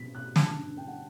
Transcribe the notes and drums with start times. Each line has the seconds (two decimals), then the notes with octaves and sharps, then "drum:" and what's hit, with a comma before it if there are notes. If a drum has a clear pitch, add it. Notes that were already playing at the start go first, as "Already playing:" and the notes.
Already playing: B2 F#3 C4 B6
0.15 B2 F#6
0.36 D3 A5, drum: snare
0.57 G2
0.77 G2 G5
0.88 F#5